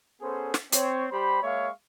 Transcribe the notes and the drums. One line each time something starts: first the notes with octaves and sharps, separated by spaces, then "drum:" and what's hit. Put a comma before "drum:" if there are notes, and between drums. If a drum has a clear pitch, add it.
B3 C#4 G#4 A4 C5
drum: snare
C4 C#5, drum: hi-hat
G3 G4 C5 B5
G#3 A#3 C#5 E5 F5 C#6